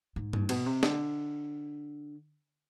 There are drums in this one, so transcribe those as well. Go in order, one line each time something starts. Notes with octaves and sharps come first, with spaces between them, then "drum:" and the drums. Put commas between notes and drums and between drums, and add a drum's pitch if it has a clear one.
G#2
G2, drum: tom
B2, drum: cymbal
C3
D3, drum: snare